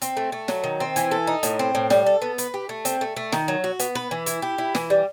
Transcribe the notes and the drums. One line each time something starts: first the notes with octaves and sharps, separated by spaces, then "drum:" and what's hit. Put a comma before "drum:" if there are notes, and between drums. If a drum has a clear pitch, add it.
C4, drum: hi-hat
A3
A3
F#3, drum: snare
D#3
C4
E3, drum: hi-hat
A4
D#4
A2, drum: hi-hat
C4
A2
G3, drum: snare
A4
B3
B4, drum: hi-hat
G4
A3
C4, drum: hi-hat
A3
A3
D#3, drum: snare
F#3
F#4
B3, drum: hi-hat
B4
E3
E4, drum: hi-hat
G4
E4
E3, drum: snare
G3